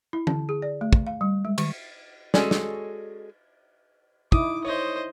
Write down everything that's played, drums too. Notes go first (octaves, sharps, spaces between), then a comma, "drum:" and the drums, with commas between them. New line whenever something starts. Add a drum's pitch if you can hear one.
E4
D3, drum: tom E3
G#4
D5
A3
drum: kick
F5
G3
G#3
D#3, drum: cymbal
G#3 C#4 F#4 A4 D5, drum: snare
drum: snare
D#4 E4 D6 D#6, drum: kick
C5 C#5 D#5